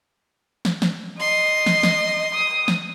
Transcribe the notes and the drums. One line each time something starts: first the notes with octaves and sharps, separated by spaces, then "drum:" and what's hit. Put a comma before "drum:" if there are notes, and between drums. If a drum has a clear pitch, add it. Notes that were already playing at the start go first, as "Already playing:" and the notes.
drum: snare
drum: snare
D#5 C6
drum: snare
drum: snare
D#6
drum: snare